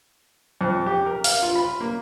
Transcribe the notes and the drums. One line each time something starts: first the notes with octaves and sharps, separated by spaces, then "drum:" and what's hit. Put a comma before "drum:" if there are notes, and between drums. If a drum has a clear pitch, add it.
F2
G4
A#4
F5, drum: open hi-hat
F4
B5
A#3